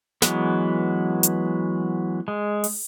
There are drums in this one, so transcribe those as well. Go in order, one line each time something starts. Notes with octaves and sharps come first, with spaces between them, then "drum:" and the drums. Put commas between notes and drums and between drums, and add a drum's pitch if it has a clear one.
E3 F#3 G#3 B3, drum: snare
drum: hi-hat
G#3
drum: open hi-hat